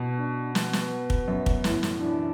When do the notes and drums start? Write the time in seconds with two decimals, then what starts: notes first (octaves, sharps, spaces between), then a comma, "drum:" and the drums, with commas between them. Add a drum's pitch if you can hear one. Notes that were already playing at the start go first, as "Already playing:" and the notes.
Already playing: B2
0.18 D4
0.55 B3, drum: snare
0.73 drum: snare
1.10 drum: kick
1.28 F#2
1.46 drum: kick
1.64 A2, drum: snare
1.83 drum: snare
2.01 E3 D4